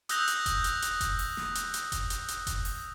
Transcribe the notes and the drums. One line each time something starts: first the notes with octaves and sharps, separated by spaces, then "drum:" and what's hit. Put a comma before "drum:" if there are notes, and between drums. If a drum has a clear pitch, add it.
D#6 E6 F#6 G6 A#6 F7, drum: hi-hat
drum: hi-hat
drum: kick F1, hi-hat
drum: hi-hat
drum: hi-hat
drum: kick F1, hi-hat
drum: open hi-hat
drum: snare
drum: hi-hat
drum: hi-hat
drum: kick F1, hi-hat
drum: hi-hat
drum: hi-hat
drum: kick F1, hi-hat
drum: open hi-hat